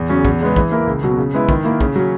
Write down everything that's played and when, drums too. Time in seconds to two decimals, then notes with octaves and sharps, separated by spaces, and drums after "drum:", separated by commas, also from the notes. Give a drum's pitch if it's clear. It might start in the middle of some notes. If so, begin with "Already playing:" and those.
Already playing: E2
0.09 C#3 F#3 C#4
0.25 E2, drum: kick
0.41 C#3 G#3 B3
0.56 E3, drum: kick
0.72 A#3 E4 A#4
0.87 C#2
1.03 B2 F#3
1.18 C#3
1.34 G#3 B3 E4
1.49 D#3, drum: kick
1.64 A#3 E4
1.81 C#3, drum: kick
1.96 F#3 C#4